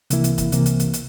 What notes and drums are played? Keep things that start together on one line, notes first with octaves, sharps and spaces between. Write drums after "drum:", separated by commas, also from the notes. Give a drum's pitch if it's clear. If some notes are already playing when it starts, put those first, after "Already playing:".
C2 C3 E3 A#3 E4, drum: hi-hat
drum: hi-hat
drum: kick, hi-hat
C2 C3 E3 A#3, drum: hi-hat
drum: hi-hat
drum: hi-hat
drum: hi-hat